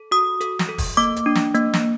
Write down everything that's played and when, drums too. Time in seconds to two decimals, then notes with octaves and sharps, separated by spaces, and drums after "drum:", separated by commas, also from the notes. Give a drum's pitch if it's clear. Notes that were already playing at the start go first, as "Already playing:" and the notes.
Already playing: A4
0.11 F#4 D#6
0.41 A4, drum: hi-hat
0.59 drum: snare
0.69 A4
0.78 drum: kick, open hi-hat
0.97 A#3 D6
1.16 drum: hi-hat
1.26 D4
1.35 drum: snare
1.55 A#3, drum: hi-hat
1.74 drum: snare